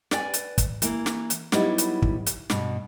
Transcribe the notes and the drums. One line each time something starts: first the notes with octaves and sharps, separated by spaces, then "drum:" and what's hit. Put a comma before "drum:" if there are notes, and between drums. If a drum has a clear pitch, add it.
B4 D5 G5 G#5, drum: snare
drum: hi-hat
drum: kick, hi-hat
E3 A#3, drum: hi-hat
drum: snare
drum: hi-hat
F#3 G3 B3 D#4 E4, drum: snare
drum: hi-hat
drum: kick
drum: hi-hat
G2 B2, drum: snare